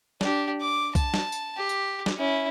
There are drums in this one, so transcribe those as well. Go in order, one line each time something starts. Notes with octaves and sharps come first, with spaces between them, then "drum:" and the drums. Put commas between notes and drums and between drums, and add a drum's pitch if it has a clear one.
D4 G4, drum: snare
D6
A5, drum: kick B1, tambourine
drum: snare
drum: tambourine
G4
drum: tambourine
drum: snare
C#4 E4